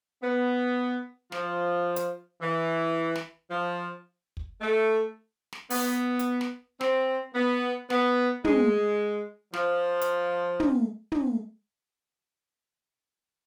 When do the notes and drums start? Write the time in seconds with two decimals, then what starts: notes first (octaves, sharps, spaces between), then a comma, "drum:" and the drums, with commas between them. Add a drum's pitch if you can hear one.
0.22 B3
1.32 F3, drum: snare
1.96 drum: hi-hat
2.41 E3
3.15 drum: snare
3.51 F3
4.37 drum: kick
4.61 A3
5.53 drum: snare
5.70 B3, drum: open hi-hat
6.19 drum: hi-hat
6.41 drum: snare
6.81 C4, drum: snare
7.34 B3
7.90 B3, drum: snare
8.44 G#3, drum: tom
9.54 F3, drum: snare
10.01 drum: hi-hat
10.60 drum: tom
11.12 drum: tom